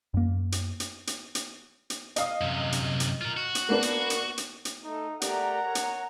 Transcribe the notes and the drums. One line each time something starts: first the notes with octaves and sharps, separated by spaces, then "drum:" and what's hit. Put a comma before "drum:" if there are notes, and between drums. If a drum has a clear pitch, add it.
F#2 A#3
drum: hi-hat
drum: hi-hat
drum: hi-hat
drum: hi-hat
drum: hi-hat
D#5 F5 D#6, drum: hi-hat
F#2 C3
drum: hi-hat
drum: hi-hat
F4 A#4
F#4
drum: hi-hat
A#3 B3 D4
drum: hi-hat
drum: hi-hat
drum: hi-hat
drum: hi-hat
A3 D#4
A3 G4 A#4 D5 F#5 A#5, drum: hi-hat
C#5
drum: hi-hat